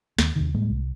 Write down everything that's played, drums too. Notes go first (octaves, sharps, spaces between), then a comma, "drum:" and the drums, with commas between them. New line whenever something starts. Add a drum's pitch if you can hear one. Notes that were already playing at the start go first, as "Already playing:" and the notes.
D#2, drum: snare
D#2 C3 D#3
A2 G3 G#3 A#3
C2